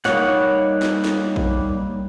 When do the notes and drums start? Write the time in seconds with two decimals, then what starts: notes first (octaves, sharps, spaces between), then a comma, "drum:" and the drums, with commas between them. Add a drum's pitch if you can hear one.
0.05 G3 A#3 D#4 C#5 F#5, drum: snare
0.82 drum: snare
1.04 drum: snare
1.36 drum: kick